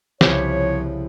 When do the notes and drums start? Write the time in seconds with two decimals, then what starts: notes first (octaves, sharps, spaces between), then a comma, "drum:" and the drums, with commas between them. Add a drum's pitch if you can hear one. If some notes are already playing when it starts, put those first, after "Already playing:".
0.21 C2 C#3 F3 E4 G4 C#5, drum: snare